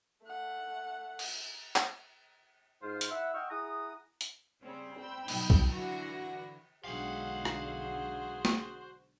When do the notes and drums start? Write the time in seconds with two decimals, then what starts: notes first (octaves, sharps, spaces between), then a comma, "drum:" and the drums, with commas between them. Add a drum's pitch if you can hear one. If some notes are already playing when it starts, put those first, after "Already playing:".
0.24 A3 F#5
1.19 drum: cymbal
1.76 drum: clap
2.80 G#2 F4 C5
3.01 drum: hi-hat
3.10 E4 E5 F#5
3.33 D#5 F#5 G5 C#6 E6 F6
3.49 E4 G#4 F#5 A#5 D#6
4.21 drum: hi-hat
4.63 C#3 G3 C4 C#4
4.99 G5 B5 E6
5.28 B2 F#3 D#4, drum: cymbal
5.50 drum: kick B1
5.72 D3 E3 E4 F#4 A#6
6.85 B1 D3 G#3 F#4 G#4 C5 F5 F#5
7.45 drum: rim click
8.45 drum: snare